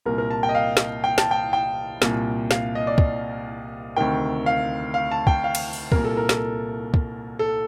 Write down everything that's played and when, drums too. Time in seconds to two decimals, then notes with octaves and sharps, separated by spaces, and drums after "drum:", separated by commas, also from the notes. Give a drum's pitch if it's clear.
0.06 C2 A#2 A#4
0.18 A#4
0.31 A5
0.43 G5
0.49 D#5
0.55 F5
0.77 drum: snare
1.04 G5
1.18 A5, drum: snare
1.31 G5
1.53 G5
2.02 C2 A#2, drum: snare
2.51 F5, drum: snare
2.75 D#5
2.87 D5
2.98 drum: kick
3.96 D2 C3 D#3 G5
4.46 F5
4.94 F5
5.11 A5
5.27 G5, drum: kick
5.44 F5
5.55 drum: cymbal
5.73 drum: open hi-hat
5.92 C2 A#2 A#4, drum: kick
6.05 A4
6.17 A#4
6.29 A4, drum: snare
6.94 drum: kick
7.39 A4